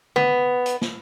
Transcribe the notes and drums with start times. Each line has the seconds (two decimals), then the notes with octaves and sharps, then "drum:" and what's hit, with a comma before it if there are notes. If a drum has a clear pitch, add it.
0.16 B3, drum: tom
0.66 drum: hi-hat
0.81 drum: snare